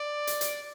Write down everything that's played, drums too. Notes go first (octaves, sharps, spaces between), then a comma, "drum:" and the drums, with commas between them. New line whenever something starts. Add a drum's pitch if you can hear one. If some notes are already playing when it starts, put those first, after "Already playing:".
Already playing: D5
drum: hi-hat
drum: hi-hat